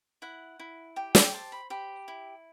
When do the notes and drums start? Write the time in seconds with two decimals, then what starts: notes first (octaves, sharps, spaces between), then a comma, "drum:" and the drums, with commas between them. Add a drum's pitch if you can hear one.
0.22 E4 F#5
0.59 E4
0.96 G4 G5
1.15 G5, drum: snare
1.33 C5 A5
1.52 B5
1.70 G4 B5
2.08 E4